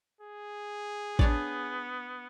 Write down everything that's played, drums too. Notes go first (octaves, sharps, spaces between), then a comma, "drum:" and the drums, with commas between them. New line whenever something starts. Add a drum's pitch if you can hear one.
G#4
B3 D4 C#5 D5, drum: kick A1